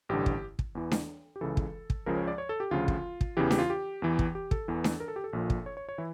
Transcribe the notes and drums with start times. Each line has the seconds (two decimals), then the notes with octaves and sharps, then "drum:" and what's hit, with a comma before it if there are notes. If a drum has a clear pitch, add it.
0.09 A1 G2 D3 G4
0.26 drum: kick
0.59 drum: kick
0.75 E2 E3
0.91 drum: snare D4
1.36 G4
1.41 C#2 C#3 E3 A4
1.57 drum: kick
1.90 drum: kick
2.06 C#2 C#3 F3 A#4
2.17 C#5
2.27 D5
2.38 C#5
2.49 A4
2.60 G4
2.71 D2 C#3 F3 F4
2.88 drum: kick
3.21 drum: kick
3.37 E2 C#3 E3 G4
3.51 G4, drum: snare D4
3.59 F4
3.70 G4
4.02 E2 E3
4.19 drum: kick
4.35 G4
4.51 A4, drum: kick
4.68 E2 E3
4.84 drum: snare D4
5.00 A#4
5.08 A4
5.16 G4
5.24 A4
5.33 A#1 A#2 F3
5.50 drum: kick
5.66 C#5
5.77 C#5
5.89 C#5
5.98 E3 E4